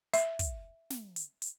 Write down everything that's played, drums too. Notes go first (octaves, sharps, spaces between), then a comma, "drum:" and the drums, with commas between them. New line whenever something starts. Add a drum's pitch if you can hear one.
E5, drum: hi-hat
drum: kick, hi-hat
drum: snare
drum: hi-hat
drum: hi-hat